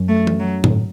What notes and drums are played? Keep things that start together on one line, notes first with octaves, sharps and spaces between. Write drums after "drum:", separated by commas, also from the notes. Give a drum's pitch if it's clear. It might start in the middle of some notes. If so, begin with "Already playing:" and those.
Already playing: F#2
A3
drum: tom E3
F#3
B2, drum: tom
A2